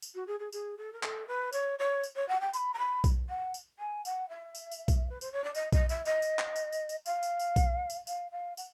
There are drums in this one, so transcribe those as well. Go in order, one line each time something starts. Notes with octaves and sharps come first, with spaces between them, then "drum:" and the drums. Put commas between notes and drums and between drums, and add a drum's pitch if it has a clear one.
drum: tambourine
F#4
G#4
G#4
G#4, drum: tambourine
A4
A#4
A4, drum: clap
B4
C#5, drum: tambourine
C#5
drum: tambourine
C#5
F#5
G5
C6, drum: tambourine
B5
A#5
B5
drum: kick B1, tambourine
F#5
drum: tambourine
G#5
F#5, drum: tambourine
E5
drum: tambourine
drum: tambourine
drum: kick B1, tambourine
B4
C5, drum: tambourine
C#5
D5
D#5, drum: tambourine
D#5, drum: kick B1, tambourine
E5, drum: tambourine
D#5, drum: tambourine
drum: tambourine
drum: clap
drum: tambourine
drum: tambourine
drum: tambourine
F5, drum: tambourine
drum: tambourine
drum: tambourine
drum: kick B1, tambourine
drum: tambourine
F5, drum: tambourine
F5
F#5, drum: tambourine